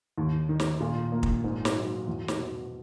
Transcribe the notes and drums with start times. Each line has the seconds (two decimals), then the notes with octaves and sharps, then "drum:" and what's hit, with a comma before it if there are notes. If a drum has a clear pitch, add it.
0.18 D#2
0.49 D#3
0.60 drum: snare
0.80 A#2
1.12 A#3
1.23 drum: kick
1.44 G#2
1.65 drum: snare
1.76 F#3
2.07 E2
2.28 drum: snare
2.39 B2